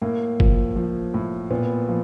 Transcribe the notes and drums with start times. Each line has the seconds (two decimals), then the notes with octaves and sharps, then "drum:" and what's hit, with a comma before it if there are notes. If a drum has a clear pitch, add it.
0.02 A2 A#3
0.40 F3, drum: kick G1
0.76 F3
1.14 A2
1.50 A#2 B3
1.89 F3